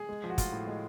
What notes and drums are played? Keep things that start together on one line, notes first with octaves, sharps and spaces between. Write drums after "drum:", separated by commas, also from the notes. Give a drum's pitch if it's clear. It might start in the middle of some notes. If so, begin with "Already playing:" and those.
Already playing: G#4
G#3
F3
F#4
A2 F4, drum: kick, hi-hat
A2
G#3